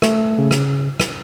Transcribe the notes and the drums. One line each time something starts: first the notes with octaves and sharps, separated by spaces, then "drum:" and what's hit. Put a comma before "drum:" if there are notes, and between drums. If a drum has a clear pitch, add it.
A3, drum: rim click
C#3
drum: rim click
drum: rim click